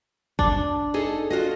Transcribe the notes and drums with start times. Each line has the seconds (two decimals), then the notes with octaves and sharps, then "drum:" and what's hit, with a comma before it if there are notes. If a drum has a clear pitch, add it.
0.39 D4, drum: kick G1
0.94 D#4 G#4 A4
1.30 F4 F#4 D#5